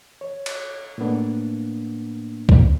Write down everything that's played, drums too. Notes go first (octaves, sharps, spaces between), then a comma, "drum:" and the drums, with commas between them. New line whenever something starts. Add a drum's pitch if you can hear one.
C#5
drum: cymbal
A2 A#3 B3 D4
drum: kick